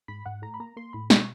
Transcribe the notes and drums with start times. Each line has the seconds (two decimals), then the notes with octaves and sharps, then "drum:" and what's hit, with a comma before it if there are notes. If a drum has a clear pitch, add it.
0.08 G#2 B5
0.26 G#2 F#5
0.42 A2 A#5
0.54 B5
0.60 A#3 A#5
0.77 A#3 C6
0.93 A2 B5
1.10 B2 C#6, drum: snare